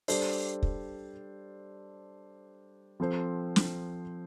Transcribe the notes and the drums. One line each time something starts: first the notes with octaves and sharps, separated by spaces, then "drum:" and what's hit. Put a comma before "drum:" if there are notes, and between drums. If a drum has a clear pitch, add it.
G3 D4 A4 C5, drum: open hi-hat
drum: kick
F3 C4 A4 C5
drum: snare